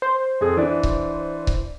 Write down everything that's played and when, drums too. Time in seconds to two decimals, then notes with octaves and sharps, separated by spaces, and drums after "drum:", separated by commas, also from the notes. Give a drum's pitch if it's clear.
0.02 C5
0.41 F2 G#4 A4
0.57 E3 D4
0.83 drum: kick C#1
1.47 drum: kick C#1